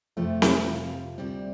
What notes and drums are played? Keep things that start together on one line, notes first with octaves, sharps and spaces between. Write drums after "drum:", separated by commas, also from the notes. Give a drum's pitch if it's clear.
F2 C3 F3 A3 C4
drum: snare C4
F2 C3 F3 F5
D2 C3 G3 C4